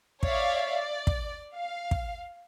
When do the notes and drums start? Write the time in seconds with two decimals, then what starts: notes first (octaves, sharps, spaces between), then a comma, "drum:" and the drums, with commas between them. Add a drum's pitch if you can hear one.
0.23 C#5 D5 E5 F5, drum: kick
0.72 D5
1.07 drum: kick
1.55 F5
1.91 drum: kick